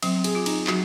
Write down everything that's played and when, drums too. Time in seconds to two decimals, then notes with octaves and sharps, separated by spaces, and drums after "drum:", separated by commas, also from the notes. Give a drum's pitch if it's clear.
0.03 F#3 C4, drum: cymbal
0.24 G#4, drum: cymbal
0.35 F4
0.46 D#4, drum: cymbal
0.67 F#3 F#4, drum: clap